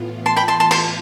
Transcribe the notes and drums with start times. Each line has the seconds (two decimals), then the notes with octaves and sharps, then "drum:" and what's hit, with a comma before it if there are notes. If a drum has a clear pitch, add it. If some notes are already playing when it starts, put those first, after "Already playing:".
Already playing: A2 E3 B3 F4
0.26 A5 C6
0.36 G5 B5
0.48 A5 C6
0.60 A5 C6
0.71 A5 C6, drum: cymbal